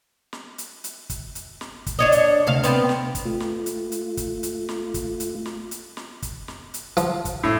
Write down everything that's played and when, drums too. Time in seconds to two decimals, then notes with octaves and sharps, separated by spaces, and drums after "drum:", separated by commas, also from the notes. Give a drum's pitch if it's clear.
0.33 drum: snare
0.58 drum: hi-hat
0.84 drum: hi-hat
1.10 drum: kick, hi-hat
1.35 drum: hi-hat
1.61 drum: snare
1.86 drum: kick, hi-hat
1.99 D4 C#5 D#5
2.12 drum: hi-hat
2.47 D2 C3 F5
2.63 B3 C4, drum: hi-hat
2.89 drum: snare
3.15 drum: kick, hi-hat
3.25 A3 F4
3.40 drum: snare
3.66 drum: hi-hat
3.92 drum: hi-hat
4.17 drum: kick, hi-hat
4.43 drum: hi-hat
4.69 drum: snare
4.94 drum: kick, hi-hat
5.20 drum: hi-hat
5.46 drum: snare
5.71 drum: hi-hat
5.97 drum: snare
6.22 drum: kick, hi-hat
6.48 drum: snare
6.74 drum: hi-hat
6.97 F3, drum: hi-hat
7.25 drum: kick, hi-hat
7.43 A2